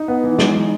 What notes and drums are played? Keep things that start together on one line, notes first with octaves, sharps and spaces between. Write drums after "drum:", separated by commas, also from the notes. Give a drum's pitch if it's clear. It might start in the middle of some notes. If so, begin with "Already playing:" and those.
Already playing: D#4
B3
E3
G#3, drum: snare
D#4